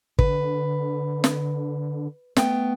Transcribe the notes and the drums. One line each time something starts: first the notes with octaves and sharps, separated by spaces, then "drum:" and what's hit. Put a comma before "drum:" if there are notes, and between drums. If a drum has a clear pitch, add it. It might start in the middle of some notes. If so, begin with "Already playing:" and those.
D3 B4, drum: kick
drum: snare
A3 B3 G5, drum: snare